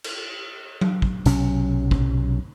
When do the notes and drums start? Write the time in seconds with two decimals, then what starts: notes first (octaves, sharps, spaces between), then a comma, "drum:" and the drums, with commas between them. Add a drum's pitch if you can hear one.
0.04 drum: cymbal
0.81 drum: tom F#3
1.02 drum: kick
1.26 B1 C3 F#3 C#4, drum: hi-hat
1.91 drum: kick